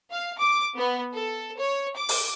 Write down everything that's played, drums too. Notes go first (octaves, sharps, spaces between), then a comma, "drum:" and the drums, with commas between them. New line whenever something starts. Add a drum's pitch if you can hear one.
F5
D6
B3
A4
C#5
D6
drum: open hi-hat